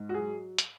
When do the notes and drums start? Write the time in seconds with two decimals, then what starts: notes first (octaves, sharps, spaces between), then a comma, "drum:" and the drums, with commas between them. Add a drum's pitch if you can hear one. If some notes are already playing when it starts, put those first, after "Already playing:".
Already playing: G#2
0.09 F#4
0.14 F#3 G#4
0.58 drum: hi-hat